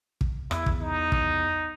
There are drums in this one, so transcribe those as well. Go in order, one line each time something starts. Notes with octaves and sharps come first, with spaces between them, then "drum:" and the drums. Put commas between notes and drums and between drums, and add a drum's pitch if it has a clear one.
drum: kick
E2 E4, drum: rim click
drum: kick
D#4
drum: kick